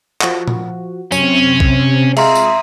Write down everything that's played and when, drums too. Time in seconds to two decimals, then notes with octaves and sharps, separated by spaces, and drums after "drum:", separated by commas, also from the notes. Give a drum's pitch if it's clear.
0.21 F3 F#4, drum: clap
0.48 drum: tom A#2
1.12 F#2 C3 C4 C#4, drum: tambourine
1.60 drum: kick
2.17 G#3 F4 E5 A#5 C6 D#6, drum: cymbal
2.35 drum: tambourine